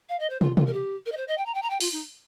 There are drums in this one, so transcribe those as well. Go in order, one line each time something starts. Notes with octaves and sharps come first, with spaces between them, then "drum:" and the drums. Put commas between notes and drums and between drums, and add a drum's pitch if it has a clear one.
F5
D#5
C5
F4, drum: tom
F4, drum: tom
A#4
G4
A#4
D#5
C5
D#5
G5
A#5
G5
A#5
G5
F4, drum: open hi-hat
D#4